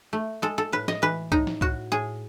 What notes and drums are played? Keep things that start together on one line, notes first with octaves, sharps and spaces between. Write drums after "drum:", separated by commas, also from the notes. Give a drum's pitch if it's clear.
A3
G#3 A4
A4
A2 B4
D#5, drum: snare
E3 B4
A2 D#4, drum: kick C2
drum: snare
A2 F#4, drum: kick C2
A2 G#4